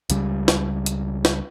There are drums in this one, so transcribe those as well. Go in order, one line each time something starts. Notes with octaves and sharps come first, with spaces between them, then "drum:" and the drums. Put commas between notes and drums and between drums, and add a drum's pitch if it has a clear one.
C#2 C#3 G3, drum: hi-hat
drum: snare
drum: hi-hat
drum: snare